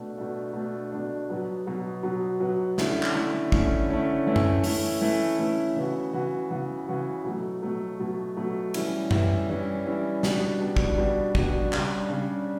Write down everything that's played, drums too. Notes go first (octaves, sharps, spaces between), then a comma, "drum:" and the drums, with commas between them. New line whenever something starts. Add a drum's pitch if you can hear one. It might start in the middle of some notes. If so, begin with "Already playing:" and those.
Already playing: B2 A3 D4
B2 A3 D4
B2 A3 D4
B2 A3 D4
B2 F#3 B3
B2 F#3 B3
B2 F#3 B3
B2 F#3 B3
D3 A3 C#4 E4, drum: snare
drum: clap
D3 A3 C#4 E4
D3 A3 C#4 E4, drum: kick
D3 A3 C#4 E4
E3 A3 C#4 E4
drum: tom F#2
E3 A3 C#4 E4, drum: open hi-hat
E3 A3 C#4 E4
E3 A3 C#4 E4
C#3 E3 B3 F#4
C#3 E3 B3 F#4
C#3 E3 B3 F#4
C#3 E3 B3 F#4
B2 F#3 A3
B2 F#3 A3
B2 F#3 A3
B2 F#3 A3
E3 G3 C#4 E4, drum: cymbal
E3 G3 C#4 E4, drum: tom F#2
E3 G3 C#4 E4
E3 G3 C#4 E4
B2 G3 D4, drum: snare
B2 G3 D4
drum: kick
B2 G3 D4
B2 G3 D4, drum: kick
C#3 G3 D4, drum: clap
C#3 G3 D4